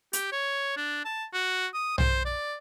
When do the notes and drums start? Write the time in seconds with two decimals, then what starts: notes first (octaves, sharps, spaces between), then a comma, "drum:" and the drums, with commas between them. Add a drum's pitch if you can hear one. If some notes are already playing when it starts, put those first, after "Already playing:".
0.13 G4, drum: hi-hat
0.32 C#5
0.77 D4
1.05 A5
1.33 F#4
1.74 D#6
1.98 C5, drum: tom B1
2.25 D5